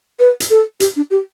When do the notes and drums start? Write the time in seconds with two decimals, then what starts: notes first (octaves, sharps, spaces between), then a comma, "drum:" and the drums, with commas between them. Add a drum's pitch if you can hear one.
0.20 B4
0.40 drum: hi-hat
0.50 A4
0.80 G4, drum: hi-hat
0.96 D4
1.10 G4